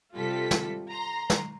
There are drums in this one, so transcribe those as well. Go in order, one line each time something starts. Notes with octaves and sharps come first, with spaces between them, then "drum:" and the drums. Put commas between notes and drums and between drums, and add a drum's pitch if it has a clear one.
C3 G3 F4 A4 B6
drum: snare
A#5 C6
drum: snare